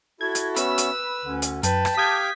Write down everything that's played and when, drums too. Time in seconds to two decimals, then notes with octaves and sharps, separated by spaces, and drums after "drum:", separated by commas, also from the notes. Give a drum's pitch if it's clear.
0.21 E4 F#4 A4 G#6
0.35 drum: hi-hat
0.56 B3 C#4 E5 B5 E6, drum: hi-hat
0.78 drum: hi-hat
0.91 B4
1.25 D2 D3 C#4
1.42 drum: hi-hat
1.63 F#2 B4 G5 A5, drum: hi-hat
1.85 drum: rim click
1.97 G4 F5 D6 D#6 G6 G#6 B6